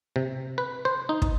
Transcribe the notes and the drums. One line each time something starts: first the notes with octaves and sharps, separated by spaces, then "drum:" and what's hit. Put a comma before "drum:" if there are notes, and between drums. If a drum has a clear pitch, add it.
C3
B4
C5
D#4
drum: kick